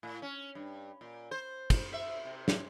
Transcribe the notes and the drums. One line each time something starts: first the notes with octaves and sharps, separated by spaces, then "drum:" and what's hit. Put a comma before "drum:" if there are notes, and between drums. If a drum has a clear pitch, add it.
A2
C#4
G2
A#2
C5
drum: kick, cymbal
E5
C3
drum: snare